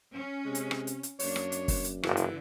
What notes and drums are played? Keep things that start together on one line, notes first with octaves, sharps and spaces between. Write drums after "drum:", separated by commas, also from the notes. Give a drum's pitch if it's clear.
C#4
C3 G#3
drum: hi-hat
drum: rim click
drum: hi-hat
drum: hi-hat
F#2 A#3 D4 C#5, drum: open hi-hat
drum: rim click
drum: hi-hat
drum: kick, open hi-hat
drum: hi-hat
F#1 G2 D3 E3, drum: rim click
drum: hi-hat